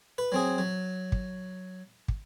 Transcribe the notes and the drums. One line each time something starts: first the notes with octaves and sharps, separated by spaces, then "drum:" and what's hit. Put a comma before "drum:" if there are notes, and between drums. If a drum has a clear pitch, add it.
B4
F#3 C4 G#4
F#3
drum: kick
drum: kick